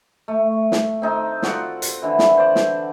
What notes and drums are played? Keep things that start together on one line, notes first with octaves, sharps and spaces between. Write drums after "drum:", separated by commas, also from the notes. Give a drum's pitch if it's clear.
A3
drum: snare
C4 D#4 A4 A#4
F4 F#4 A4 D5, drum: snare
drum: hi-hat
D3 E3
drum: snare
C5 D5
drum: snare